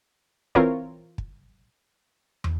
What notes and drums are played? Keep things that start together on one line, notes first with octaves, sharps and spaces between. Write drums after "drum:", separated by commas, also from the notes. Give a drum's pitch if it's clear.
E3 C4 F4 A#4 C#5, drum: kick
drum: kick
drum: tom